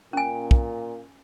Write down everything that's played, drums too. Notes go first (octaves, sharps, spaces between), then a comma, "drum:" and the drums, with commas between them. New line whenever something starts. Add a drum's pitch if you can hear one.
A#2 C#4 G#5
drum: kick